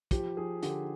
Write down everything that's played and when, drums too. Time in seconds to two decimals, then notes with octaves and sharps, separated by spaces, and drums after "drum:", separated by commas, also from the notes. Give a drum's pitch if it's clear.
0.11 F3 G4, drum: kick, hi-hat
0.37 F3 G#4
0.63 D3 G4, drum: hi-hat